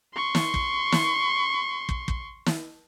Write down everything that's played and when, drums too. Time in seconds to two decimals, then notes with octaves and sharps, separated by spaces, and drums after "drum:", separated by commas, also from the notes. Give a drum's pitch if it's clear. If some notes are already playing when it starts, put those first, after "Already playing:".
0.15 C6 C#6
0.35 drum: snare
0.54 drum: kick
0.92 drum: snare
1.89 drum: kick
2.08 drum: kick
2.46 drum: snare